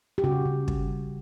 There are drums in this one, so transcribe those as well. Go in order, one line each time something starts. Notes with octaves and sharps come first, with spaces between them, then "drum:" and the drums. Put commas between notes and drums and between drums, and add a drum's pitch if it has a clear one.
G4
C#3 F#4
C#3
G3, drum: kick
C#3